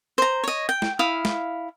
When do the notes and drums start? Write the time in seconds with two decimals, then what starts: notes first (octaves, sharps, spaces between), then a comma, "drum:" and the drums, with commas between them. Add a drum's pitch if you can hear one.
0.18 C5 A#5
0.44 C#5 D#5
0.69 G5
0.82 drum: snare
0.99 E4 F5 D#6
1.25 drum: snare